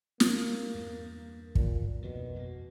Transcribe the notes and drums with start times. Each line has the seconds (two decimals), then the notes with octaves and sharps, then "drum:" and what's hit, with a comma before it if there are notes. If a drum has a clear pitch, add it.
0.20 A#3, drum: snare
0.74 E2 G2
1.55 D#2 A#2, drum: kick
2.02 F2 B2 D#3
2.35 F2 G#3 A#3